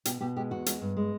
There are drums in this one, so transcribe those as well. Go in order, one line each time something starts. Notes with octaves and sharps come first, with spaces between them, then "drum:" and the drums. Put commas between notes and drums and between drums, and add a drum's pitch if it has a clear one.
B2 G4, drum: hi-hat
B2 G4
G#3 G4
E2 F#4
G#3, drum: hi-hat
G2
G#3